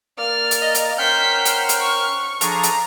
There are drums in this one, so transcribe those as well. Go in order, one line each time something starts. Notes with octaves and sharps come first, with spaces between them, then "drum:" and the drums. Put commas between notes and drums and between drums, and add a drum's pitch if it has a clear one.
A#3 A#4 D5 F6 A6
drum: hi-hat
D#5
drum: hi-hat
C#4 A#4 C5 F#5 G5 F6 G6 B6
drum: hi-hat
drum: hi-hat
C#6
F3 D4 G#4 A4 A#5, drum: hi-hat
drum: hi-hat